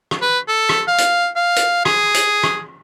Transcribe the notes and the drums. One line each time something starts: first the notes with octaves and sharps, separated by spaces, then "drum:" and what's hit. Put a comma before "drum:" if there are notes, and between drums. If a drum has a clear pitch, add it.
drum: rim click
B4
A4
drum: rim click
F5
drum: hi-hat
F5
drum: hi-hat
G#4, drum: rim click
drum: hi-hat
drum: rim click